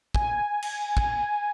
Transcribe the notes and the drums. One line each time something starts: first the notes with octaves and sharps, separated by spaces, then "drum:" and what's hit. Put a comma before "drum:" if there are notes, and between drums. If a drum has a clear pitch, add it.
G#5, drum: kick
drum: cymbal
drum: kick